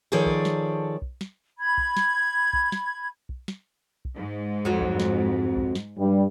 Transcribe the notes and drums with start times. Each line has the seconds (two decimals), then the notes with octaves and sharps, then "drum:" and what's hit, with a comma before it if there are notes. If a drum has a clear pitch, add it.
0.12 D#3 F3 G#4 A4 C#5 D5
0.26 drum: kick
0.45 drum: snare
1.02 drum: kick
1.21 drum: snare
1.59 B5 G#6
1.78 drum: kick
1.97 drum: snare
2.53 drum: kick
2.72 drum: snare
3.29 drum: kick
3.48 drum: snare
4.05 drum: kick
4.16 G#2
4.65 F2 F#3
4.81 drum: kick
5.00 drum: snare
5.56 drum: kick
5.75 drum: snare
5.98 G2 G3